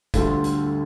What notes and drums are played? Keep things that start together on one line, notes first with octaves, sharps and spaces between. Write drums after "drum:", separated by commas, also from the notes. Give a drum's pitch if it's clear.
D2 D3 G3 F4, drum: kick, hi-hat
drum: hi-hat